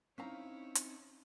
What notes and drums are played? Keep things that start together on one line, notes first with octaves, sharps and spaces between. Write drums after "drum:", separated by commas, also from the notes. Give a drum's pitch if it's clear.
C4 C#4 D#4 E4 C#5 F5 A#5
drum: hi-hat